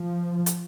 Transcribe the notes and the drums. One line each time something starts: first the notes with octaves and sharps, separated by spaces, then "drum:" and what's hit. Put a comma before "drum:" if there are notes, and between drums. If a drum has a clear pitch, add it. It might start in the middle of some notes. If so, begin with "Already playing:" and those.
Already playing: F3
drum: hi-hat